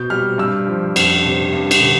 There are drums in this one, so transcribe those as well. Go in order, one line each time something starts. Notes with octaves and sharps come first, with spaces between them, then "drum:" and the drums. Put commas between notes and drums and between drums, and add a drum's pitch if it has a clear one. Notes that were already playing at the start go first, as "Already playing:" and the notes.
Already playing: B2 G6
G3 F6
G2 E6
F3
F2, drum: cymbal
C3
G2
drum: cymbal
D3